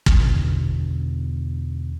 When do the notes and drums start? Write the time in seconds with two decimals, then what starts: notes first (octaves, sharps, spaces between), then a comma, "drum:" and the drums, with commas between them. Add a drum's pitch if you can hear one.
0.06 drum: kick
0.19 E2 B2 D3